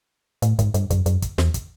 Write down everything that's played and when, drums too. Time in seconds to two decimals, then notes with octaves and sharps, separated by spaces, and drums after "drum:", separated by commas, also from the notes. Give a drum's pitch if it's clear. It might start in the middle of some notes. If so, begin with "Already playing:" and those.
0.42 A2, drum: hi-hat
0.59 G#2, drum: kick, hi-hat
0.74 G2, drum: hi-hat
0.90 F#2, drum: kick, hi-hat
1.06 F#2, drum: hi-hat
1.22 drum: kick, hi-hat
1.38 E2, drum: snare
1.54 drum: kick, hi-hat